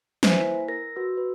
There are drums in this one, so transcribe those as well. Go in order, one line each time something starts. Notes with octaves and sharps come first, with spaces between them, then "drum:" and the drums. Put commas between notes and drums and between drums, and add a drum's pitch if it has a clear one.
B4 C5 E5 G#5, drum: snare
A#3 E4 B6
A#4 A#6
F#4 B4 E6
B4